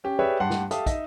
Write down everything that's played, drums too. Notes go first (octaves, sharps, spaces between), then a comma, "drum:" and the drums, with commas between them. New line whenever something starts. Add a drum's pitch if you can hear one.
C#4 G4
G4 G#4 B4 C#5 D5 E5
G2 G4 F#5 A5 C6 C7
drum: snare
G4 A4 E5 F5 A5 D#6, drum: hi-hat
D#4 D#5 E5, drum: kick, hi-hat